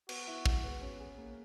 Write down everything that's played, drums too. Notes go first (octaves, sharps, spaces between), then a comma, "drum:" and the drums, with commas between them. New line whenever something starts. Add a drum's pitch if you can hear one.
B3 F#4, drum: cymbal
E4
G#3, drum: kick
B3
C#4
G#4
A#3